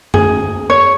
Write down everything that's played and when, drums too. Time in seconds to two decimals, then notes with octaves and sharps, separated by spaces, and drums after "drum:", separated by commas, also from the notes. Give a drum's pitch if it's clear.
0.14 G#4, drum: tom F#2
0.70 C#5